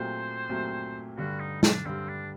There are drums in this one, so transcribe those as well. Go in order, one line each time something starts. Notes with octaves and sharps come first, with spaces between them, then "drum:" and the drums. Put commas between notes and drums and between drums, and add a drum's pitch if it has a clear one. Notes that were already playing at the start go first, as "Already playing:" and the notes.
Already playing: A#2 F#3 A3 C4 G4 C5
A#2 F#3 A3 C4 G4
G2 D3 G3 F#4
D#4
D4, drum: snare
G2 D3 G3 C4
D4